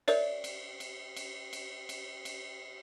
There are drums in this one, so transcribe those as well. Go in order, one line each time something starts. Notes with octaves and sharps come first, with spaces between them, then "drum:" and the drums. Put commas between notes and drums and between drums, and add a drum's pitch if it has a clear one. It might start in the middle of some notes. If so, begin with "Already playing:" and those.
A#4 C#5 D5 E5, drum: cymbal
drum: cymbal
drum: cymbal
drum: cymbal
drum: cymbal
drum: cymbal
drum: cymbal